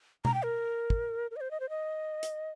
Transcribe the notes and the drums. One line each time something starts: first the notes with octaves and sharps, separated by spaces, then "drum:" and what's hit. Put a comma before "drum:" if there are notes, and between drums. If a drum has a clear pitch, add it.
A#5, drum: tom B2
G5
A#4
drum: kick
A#4
D#5
C5
D#5
C5
D#5
drum: hi-hat